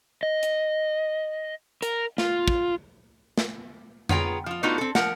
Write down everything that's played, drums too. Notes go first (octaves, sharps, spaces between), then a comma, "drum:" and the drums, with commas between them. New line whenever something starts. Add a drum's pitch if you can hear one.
D#5
drum: hi-hat
A#4, drum: hi-hat
F4, drum: snare
drum: kick
drum: snare
B3 F4 G#4 C#5 G5 A#5, drum: tom F2
F3 F4
A3 B3 D4 D#4 F4 F#4
C4 A4
F3 A#4 F#5, drum: snare